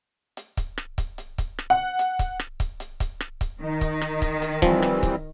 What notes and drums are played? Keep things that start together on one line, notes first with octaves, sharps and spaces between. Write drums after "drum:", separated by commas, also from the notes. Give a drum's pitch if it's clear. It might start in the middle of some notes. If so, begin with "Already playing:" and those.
drum: hi-hat
drum: kick C#1, hi-hat
drum: rim click
drum: kick C#1, hi-hat
drum: hi-hat
drum: kick C#1, hi-hat
drum: rim click
F#5
drum: hi-hat
drum: kick C#1, hi-hat
drum: rim click
drum: kick C#1, hi-hat
drum: hi-hat
drum: kick C#1, hi-hat
drum: rim click
drum: kick C#1, hi-hat
D#3 D#4
drum: kick C#1, hi-hat
drum: rim click
drum: kick C#1, hi-hat
drum: hi-hat
E3 F3 G3 C4, drum: kick C#1, hi-hat
drum: rim click
drum: kick C#1, hi-hat